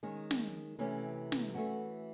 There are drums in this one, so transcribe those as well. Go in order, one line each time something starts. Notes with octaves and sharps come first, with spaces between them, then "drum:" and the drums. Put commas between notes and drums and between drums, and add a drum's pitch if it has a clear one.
D#3 G#3 C#4
drum: snare
C3 E3 A3 C#4
drum: snare
E3 A3 C#4 F#4